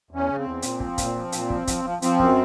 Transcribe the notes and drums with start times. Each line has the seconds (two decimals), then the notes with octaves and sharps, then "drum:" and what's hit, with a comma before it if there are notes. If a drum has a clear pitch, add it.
0.11 E2 C#4
0.28 C#3
0.39 C4
0.45 E2
0.62 A#2, drum: hi-hat
0.80 F3, drum: kick
0.98 A#2, drum: kick, hi-hat
1.15 F3
1.32 A#2, drum: hi-hat
1.50 F3, drum: kick
1.67 F3, drum: kick, hi-hat
1.85 F3
2.02 F3 C4, drum: hi-hat
2.19 F#2, drum: kick